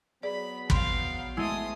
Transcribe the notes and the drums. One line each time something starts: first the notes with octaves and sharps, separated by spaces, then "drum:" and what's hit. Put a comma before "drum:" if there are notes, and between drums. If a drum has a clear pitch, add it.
F#3 B3 G#4 D5 B5
F5 G5 B5 C6, drum: kick
G#3 A3 E4 C6 D#6